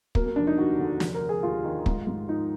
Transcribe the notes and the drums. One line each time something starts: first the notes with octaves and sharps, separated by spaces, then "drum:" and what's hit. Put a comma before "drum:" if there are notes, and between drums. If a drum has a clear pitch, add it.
F#3 A#3, drum: kick
A#3
F1 D4
D#4
D#2 F#4
D3
F1, drum: snare
A#4
F1
G#4
D#2 F4
D#3
G#2, drum: kick
G#2
F3 D#4